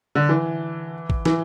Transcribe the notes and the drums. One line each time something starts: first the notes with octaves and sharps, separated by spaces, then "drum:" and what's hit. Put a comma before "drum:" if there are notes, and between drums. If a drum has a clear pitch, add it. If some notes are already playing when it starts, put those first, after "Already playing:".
D3
E3
drum: kick A1
E3, drum: snare